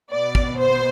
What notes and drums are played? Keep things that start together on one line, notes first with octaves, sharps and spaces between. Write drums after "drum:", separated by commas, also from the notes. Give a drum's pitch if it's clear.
B2 B3 D5
drum: kick
C5